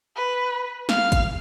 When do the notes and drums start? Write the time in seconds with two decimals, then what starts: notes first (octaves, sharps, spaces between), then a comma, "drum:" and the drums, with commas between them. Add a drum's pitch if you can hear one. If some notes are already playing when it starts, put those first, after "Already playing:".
0.16 B4
0.89 F5, drum: snare
1.12 drum: kick, hi-hat